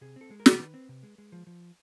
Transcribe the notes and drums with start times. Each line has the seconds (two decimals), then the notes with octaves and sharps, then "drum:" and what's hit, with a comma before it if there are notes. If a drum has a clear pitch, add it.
0.01 C3 G#4
0.16 C4 A4
0.30 G#3
0.40 A#4
0.46 C3, drum: snare
0.60 D#3 B4
0.74 C4
0.89 C3
1.03 G#3
1.18 G#3
1.32 F3
1.47 F3